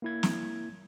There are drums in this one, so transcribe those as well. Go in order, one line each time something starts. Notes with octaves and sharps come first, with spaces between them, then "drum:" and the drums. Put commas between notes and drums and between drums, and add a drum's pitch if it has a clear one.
A#3 E4 G#6
drum: snare